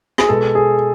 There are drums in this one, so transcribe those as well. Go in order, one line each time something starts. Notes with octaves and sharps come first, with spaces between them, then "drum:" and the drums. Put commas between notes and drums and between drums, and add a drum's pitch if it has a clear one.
G#4, drum: rim click
B2 G#3 A4
G#4